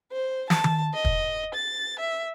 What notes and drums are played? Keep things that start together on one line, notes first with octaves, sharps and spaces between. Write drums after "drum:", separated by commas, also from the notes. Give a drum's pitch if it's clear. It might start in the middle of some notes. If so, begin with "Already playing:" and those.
C5
A5, drum: snare
drum: tom D#3
D#5
drum: kick
A6
E5